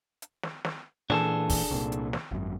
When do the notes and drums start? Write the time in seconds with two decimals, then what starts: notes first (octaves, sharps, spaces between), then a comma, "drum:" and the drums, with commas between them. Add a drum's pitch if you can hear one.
0.22 drum: hi-hat
0.43 drum: snare
0.65 drum: snare
1.10 A#2 E3 D4 G#4 A4, drum: snare
1.49 drum: kick, open hi-hat
1.71 C2 A#2
1.92 drum: hi-hat
2.13 drum: snare
2.31 G#1 F#2